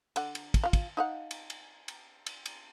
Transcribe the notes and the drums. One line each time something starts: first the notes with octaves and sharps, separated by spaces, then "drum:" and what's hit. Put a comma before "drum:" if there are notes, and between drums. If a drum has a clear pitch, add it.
D3 F#5, drum: cymbal
drum: cymbal
drum: kick, cymbal
F4 F5
drum: kick, cymbal
D#4 F5 F#5
drum: cymbal
drum: cymbal
drum: cymbal
drum: cymbal
drum: cymbal